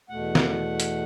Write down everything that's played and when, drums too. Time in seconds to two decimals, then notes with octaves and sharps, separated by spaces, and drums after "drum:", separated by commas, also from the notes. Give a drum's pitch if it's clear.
0.09 E2 B2 A3 F#5
0.35 drum: snare
0.80 drum: hi-hat